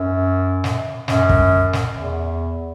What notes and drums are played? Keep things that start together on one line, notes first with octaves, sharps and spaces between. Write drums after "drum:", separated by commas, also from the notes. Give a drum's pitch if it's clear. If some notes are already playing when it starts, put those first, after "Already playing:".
Already playing: F#2
drum: snare
F#2, drum: snare
drum: kick
drum: snare
E2